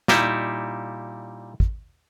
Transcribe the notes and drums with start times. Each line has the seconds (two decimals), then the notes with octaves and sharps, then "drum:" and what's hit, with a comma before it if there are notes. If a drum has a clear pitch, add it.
0.08 A#2 G3 D#4 E4, drum: snare
1.60 drum: kick